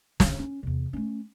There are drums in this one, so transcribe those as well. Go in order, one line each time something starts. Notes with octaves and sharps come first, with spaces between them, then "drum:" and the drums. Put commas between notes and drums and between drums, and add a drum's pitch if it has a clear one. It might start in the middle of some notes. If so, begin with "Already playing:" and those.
D3, drum: snare
C#4
E2 C3
A3 C#4